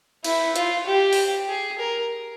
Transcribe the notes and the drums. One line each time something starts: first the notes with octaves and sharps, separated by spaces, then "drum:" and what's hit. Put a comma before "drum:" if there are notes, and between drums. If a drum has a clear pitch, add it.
E4, drum: cymbal
F4, drum: hi-hat
G4
drum: open hi-hat
G#4
A#4